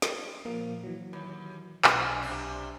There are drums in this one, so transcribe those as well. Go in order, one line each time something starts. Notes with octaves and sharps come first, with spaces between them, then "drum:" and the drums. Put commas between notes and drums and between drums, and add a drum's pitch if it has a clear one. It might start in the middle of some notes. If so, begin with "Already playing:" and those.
drum: snare
A#2 F3 A#3
E3 F#3
D#2
B1 D4 G#5, drum: clap
C3 D4